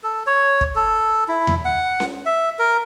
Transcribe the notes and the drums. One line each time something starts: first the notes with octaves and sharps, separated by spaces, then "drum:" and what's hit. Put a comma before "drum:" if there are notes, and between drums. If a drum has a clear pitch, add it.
A4
C#5
drum: kick
A4
E4
drum: tom E2
F#5
drum: snare C#4
E5
A#4